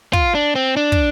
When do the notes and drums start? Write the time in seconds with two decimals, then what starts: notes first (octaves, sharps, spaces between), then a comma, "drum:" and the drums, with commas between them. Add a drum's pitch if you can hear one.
0.13 F4, drum: kick
0.35 D4
0.55 C4
0.77 D4
0.92 drum: kick